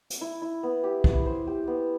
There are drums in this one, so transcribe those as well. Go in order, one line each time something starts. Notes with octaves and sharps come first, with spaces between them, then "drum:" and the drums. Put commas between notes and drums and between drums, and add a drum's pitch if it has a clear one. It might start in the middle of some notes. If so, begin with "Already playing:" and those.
drum: hi-hat
E4
E4
B3
G4
E4, drum: kick
C5
G4
B3